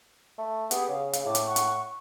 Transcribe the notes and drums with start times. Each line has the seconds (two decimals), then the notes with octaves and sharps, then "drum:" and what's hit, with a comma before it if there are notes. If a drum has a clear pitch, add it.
0.38 A3
0.71 B3 G4 G#4 F#5, drum: hi-hat
0.89 C#3 F5
1.13 drum: hi-hat
1.25 A2 D6
1.35 drum: hi-hat
1.47 F#5 C#6
1.56 drum: hi-hat